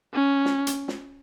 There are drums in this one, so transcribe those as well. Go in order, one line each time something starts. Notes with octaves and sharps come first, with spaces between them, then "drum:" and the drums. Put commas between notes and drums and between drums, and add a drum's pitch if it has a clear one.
C#4
drum: snare
drum: hi-hat
drum: snare